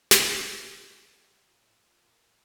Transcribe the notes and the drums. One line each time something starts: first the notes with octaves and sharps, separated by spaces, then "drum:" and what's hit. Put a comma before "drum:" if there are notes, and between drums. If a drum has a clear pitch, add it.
F4, drum: snare
A2
G2
G2 G4
F4
A#2
A2
F4
A#2